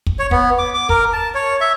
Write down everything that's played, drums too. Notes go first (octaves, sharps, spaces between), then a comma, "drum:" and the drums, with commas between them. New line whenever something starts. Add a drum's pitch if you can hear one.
drum: kick
C#5
B3, drum: kick
D6
D6
A#4, drum: kick
A5
C#5
E5